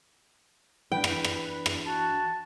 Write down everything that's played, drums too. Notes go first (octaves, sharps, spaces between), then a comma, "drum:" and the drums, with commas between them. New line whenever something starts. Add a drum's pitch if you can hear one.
E3 D4 B4 G5
drum: rim click
drum: rim click
drum: rim click
F#4 A5